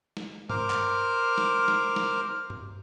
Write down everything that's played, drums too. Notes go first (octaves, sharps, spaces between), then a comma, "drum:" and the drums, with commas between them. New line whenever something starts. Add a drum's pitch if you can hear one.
drum: snare
A#4 C5 D6 F6, drum: tom G2
drum: clap
drum: snare
drum: snare
drum: snare
drum: tom G2